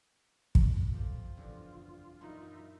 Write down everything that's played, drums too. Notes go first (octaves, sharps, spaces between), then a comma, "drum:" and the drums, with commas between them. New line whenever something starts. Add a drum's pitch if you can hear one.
drum: kick
A3 C4 F4 G4
F#1 E2 G2 D3 F3
F#2 A#2 E3 F#3 D#4 A#4 E5 B5